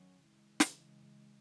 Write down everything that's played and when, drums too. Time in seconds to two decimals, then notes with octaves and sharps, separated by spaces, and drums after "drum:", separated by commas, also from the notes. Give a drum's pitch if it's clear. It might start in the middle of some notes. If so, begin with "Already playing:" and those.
Already playing: D#3 F#3 C#4
0.26 C#3 E3 G#3
0.60 drum: snare